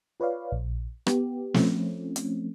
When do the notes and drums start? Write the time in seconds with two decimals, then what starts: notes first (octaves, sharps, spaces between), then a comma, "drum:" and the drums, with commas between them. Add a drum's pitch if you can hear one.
0.20 F4 B4 C#5 D5 F5
0.52 A#1
1.07 B3 G4, drum: rim click
1.54 F3 A3 C4 C#4, drum: snare
2.16 drum: hi-hat